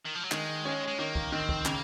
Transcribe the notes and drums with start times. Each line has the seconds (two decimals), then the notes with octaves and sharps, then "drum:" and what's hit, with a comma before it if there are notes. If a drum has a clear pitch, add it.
0.05 D#3
0.15 F3
0.23 F#3
0.31 D#3 G#3, drum: clap
0.65 C#4
0.88 G#3
0.99 D#3 A#3
1.15 drum: kick
1.32 D#3 C4
1.49 drum: kick
1.65 C#3 A#3, drum: clap